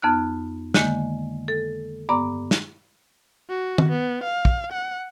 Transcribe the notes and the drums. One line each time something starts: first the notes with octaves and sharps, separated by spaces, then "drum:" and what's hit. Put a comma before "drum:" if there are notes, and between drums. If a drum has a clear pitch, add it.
F2 B3 D#4 F6 F#6
D3 D#3 G#3 A#3, drum: snare
A4
G2 B3 D5 A#5 D6
drum: snare
F#4
drum: tom
B3
F5
drum: kick
F#5